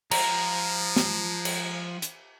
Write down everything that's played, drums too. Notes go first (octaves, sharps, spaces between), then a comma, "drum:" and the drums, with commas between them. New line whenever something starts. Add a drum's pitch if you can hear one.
F3 G#3 A#5, drum: cymbal
drum: snare
drum: cymbal
drum: hi-hat